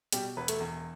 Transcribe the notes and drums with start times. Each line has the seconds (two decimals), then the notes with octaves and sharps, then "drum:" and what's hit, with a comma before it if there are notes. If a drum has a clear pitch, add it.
0.12 B2 G3 G4, drum: hi-hat
0.37 E1 B4
0.48 A3 A4, drum: hi-hat
0.61 E2